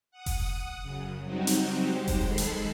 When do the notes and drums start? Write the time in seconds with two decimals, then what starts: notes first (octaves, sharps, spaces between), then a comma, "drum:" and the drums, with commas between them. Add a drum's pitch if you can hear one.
0.11 F#5 D#6
0.26 drum: kick F1, open hi-hat
0.83 F#2 C#3
1.24 F#3 G3 C4 D#4 F#4 G4
1.47 drum: hi-hat
1.81 G#3 G4 C5
2.08 drum: kick F1, open hi-hat
2.27 D#3 G#3 A4 B5 C7
2.38 drum: hi-hat